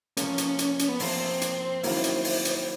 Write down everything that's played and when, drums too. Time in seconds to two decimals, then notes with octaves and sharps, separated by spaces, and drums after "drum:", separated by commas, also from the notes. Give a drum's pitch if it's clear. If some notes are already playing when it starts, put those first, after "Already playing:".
0.17 C3 F3 A#3 C#4, drum: hi-hat
0.38 drum: hi-hat
0.59 drum: hi-hat
0.79 drum: hi-hat
0.88 B3
0.99 C3 F3 A#3 C4, drum: open hi-hat
1.41 drum: hi-hat
1.83 D#3 F#3 A#3 C#4 E4, drum: open hi-hat
2.04 drum: hi-hat
2.24 drum: open hi-hat
2.45 drum: hi-hat